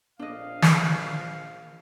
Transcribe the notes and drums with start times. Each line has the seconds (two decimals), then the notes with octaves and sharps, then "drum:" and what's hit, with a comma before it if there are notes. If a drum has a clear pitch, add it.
0.19 A#1 D4 D#5 F5
0.62 drum: snare